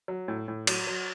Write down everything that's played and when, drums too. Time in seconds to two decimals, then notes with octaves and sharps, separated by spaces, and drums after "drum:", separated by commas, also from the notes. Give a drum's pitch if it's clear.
0.08 F#3
0.28 A2
0.48 A2
0.67 F#3, drum: cymbal
0.87 F#3